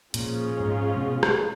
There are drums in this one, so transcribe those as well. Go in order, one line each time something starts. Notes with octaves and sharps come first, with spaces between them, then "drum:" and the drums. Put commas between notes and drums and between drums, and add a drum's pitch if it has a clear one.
A#2 F3 G#3 C#4 F4 G#4, drum: hi-hat
G#2
B2
drum: rim click